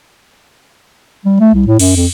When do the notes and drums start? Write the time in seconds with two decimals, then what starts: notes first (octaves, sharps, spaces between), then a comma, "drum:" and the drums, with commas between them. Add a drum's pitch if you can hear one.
1.26 G3
1.40 A3
1.54 C2
1.67 A2
1.79 F#2, drum: cymbal
1.96 F2